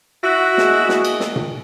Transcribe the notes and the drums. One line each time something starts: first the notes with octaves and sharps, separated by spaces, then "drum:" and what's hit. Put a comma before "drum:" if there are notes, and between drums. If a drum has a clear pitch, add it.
E4 F#4
A#3 G#4 D#5, drum: snare
drum: snare
drum: cymbal
drum: snare
drum: tom A#2